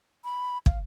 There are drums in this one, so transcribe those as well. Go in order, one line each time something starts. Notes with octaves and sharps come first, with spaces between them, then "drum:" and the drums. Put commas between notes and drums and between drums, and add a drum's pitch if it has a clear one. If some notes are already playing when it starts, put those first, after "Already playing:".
B5
F5, drum: kick